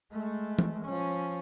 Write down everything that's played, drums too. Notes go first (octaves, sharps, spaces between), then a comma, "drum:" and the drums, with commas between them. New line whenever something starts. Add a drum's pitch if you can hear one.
G#3 A3
drum: tom E3
F3 C#4